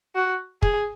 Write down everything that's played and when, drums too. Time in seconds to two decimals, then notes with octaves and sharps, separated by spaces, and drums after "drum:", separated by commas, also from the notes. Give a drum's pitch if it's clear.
0.15 F#4
0.62 G#4, drum: kick